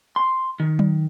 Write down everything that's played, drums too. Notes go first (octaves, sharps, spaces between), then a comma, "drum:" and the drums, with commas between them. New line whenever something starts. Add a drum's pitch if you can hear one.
C6
D#3
drum: tom F#3